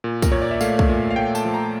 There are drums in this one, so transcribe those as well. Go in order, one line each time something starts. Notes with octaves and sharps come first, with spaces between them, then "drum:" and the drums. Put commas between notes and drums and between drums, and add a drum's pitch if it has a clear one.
A#2
A#4, drum: kick, tambourine
A#2 C#5
D5
E5
A3 F5, drum: tambourine
drum: kick
A#2
F5
A3 G5
A5, drum: tambourine
F3
A#5